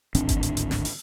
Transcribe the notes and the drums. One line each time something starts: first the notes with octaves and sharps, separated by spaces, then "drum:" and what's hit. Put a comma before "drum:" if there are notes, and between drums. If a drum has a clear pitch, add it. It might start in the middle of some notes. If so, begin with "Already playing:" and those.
D1 G#1 C4 D4, drum: hi-hat
drum: kick G1, hi-hat
drum: hi-hat
drum: hi-hat
drum: snare
drum: open hi-hat